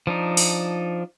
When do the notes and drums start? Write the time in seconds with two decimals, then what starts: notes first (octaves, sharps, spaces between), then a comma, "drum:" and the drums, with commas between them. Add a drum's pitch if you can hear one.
0.07 F3 D4 D#4
0.37 drum: open hi-hat